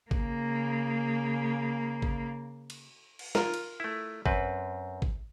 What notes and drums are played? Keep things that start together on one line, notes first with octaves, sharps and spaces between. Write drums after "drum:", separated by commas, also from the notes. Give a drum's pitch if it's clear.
C#3 A#3, drum: kick
drum: kick
drum: cymbal
drum: cymbal
F4 A#4, drum: snare
drum: cymbal
A3 E4
F#2 C4 B4, drum: kick
drum: kick